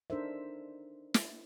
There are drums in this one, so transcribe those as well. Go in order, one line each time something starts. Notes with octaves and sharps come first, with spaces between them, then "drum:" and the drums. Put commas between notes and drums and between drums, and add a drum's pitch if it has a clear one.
D4 D#4 A4 A#4 C5 E5
drum: snare